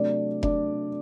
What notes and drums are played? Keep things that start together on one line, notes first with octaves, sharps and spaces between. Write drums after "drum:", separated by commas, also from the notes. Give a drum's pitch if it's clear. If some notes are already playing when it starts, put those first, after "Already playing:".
Already playing: C3 F#3 A3 D4 D5
D4 D5, drum: kick F1